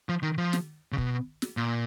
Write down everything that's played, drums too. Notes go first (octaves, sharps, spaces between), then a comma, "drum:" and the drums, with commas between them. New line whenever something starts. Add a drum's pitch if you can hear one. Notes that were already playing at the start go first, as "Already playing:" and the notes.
F3
D#3
F3
drum: snare
C#3
B2, drum: kick
drum: snare
A#2